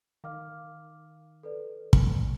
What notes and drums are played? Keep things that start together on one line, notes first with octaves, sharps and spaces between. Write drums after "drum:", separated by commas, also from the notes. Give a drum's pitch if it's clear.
D#3 F5 D6 F6
A4 B4 D5
drum: kick